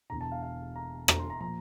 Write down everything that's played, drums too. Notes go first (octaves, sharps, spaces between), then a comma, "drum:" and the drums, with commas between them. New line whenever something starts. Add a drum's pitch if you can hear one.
E1 E2 D3 A#5
A5
F5
F5
A#5
A#5, drum: rim click
C6
A#5
A#2 F3 A#5